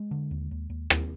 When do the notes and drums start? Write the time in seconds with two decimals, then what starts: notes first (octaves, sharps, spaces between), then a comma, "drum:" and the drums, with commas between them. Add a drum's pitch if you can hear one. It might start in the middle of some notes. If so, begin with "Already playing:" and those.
Already playing: G#3
0.11 D3
0.31 D#2
0.51 D#2
0.70 D#2
0.90 D#2, drum: rim click